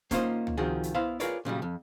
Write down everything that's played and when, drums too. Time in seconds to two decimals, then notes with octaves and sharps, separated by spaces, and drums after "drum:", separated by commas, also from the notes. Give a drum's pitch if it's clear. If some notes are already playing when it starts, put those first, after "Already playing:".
0.11 A#3 C#4 D#4 F4 C5 D#5, drum: kick E1, hi-hat
0.47 drum: tom
0.57 C3 D#3 F3 F#4 G#4
0.83 drum: hi-hat
0.95 B3 E4 C5 F5
1.20 F4 G#4 A#4 B4 C#5 D5, drum: hi-hat
1.45 A#2 C#3 F#3 G3
1.62 F2